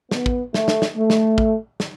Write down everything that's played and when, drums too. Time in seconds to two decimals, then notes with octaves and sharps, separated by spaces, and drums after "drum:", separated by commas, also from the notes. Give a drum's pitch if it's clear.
0.11 B3, drum: snare
0.26 drum: kick
0.54 A3, drum: snare
0.68 drum: snare
0.82 drum: snare
0.96 A3
1.10 drum: snare
1.38 drum: kick
1.80 drum: snare